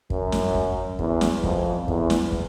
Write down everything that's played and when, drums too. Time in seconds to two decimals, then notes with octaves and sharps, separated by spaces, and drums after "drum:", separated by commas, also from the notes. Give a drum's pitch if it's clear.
0.10 F#2, drum: kick
0.32 drum: snare
0.54 drum: kick
0.99 E2, drum: kick
1.21 drum: snare
1.44 F2, drum: kick
1.88 E2, drum: kick
2.10 drum: snare
2.32 drum: kick